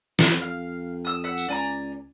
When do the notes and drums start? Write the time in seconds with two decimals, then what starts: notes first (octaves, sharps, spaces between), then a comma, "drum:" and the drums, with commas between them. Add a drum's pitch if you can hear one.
0.19 F2, drum: snare
0.42 F5
1.05 D#6 E6
1.24 E5 F#5
1.37 drum: tambourine
1.48 C#2 D5 G#5 A#5